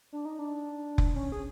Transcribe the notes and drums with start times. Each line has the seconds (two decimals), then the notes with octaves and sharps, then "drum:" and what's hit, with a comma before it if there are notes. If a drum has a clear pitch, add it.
0.13 D4
0.25 D#4
0.39 D4
0.98 drum: kick F1
1.15 C#4
1.32 G#4